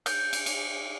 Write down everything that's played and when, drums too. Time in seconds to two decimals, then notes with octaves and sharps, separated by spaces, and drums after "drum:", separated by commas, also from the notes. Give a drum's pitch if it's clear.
0.06 G6, drum: cymbal
0.33 drum: cymbal
0.46 drum: cymbal